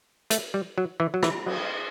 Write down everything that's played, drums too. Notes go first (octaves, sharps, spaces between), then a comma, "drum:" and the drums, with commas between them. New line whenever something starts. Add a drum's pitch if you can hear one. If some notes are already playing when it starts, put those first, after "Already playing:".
A3, drum: hi-hat
G3
F#3
E3
F#3
E3, drum: rim click
F#3, drum: cymbal